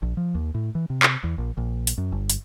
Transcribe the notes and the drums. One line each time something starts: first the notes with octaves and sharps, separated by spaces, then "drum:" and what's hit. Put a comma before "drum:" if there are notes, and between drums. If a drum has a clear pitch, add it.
A#1
F3
D#2
A2
E3
C3
drum: clap
E2
A#1
A#1
drum: hi-hat
F#2
G1
drum: hi-hat